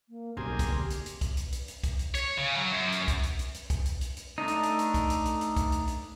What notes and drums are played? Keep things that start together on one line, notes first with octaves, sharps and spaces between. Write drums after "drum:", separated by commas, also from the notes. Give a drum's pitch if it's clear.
A#3
B1 A#3 C4 G4 G#4
drum: kick B1, hi-hat
D3
drum: hi-hat
drum: hi-hat
drum: kick B1, hi-hat
drum: hi-hat
drum: hi-hat
drum: hi-hat
drum: kick B1, hi-hat
drum: hi-hat
C#5, drum: hi-hat
C#3
F#3
F#2
drum: hi-hat
drum: kick B1, hi-hat
drum: hi-hat
drum: hi-hat
drum: hi-hat
drum: kick B1, hi-hat
drum: hi-hat
drum: hi-hat
drum: hi-hat
A3 D4 D#4
drum: hi-hat
drum: hi-hat
drum: hi-hat
drum: kick B1, hi-hat
drum: hi-hat
drum: hi-hat
drum: hi-hat
drum: kick B1, hi-hat
drum: hi-hat
drum: hi-hat